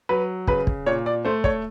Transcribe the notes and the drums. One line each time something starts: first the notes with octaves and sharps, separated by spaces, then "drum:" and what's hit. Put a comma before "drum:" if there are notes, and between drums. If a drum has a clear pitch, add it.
F#3 B4
C#3 B4, drum: kick
drum: kick
A#2 C#5
D5
A3 C5
C#5, drum: kick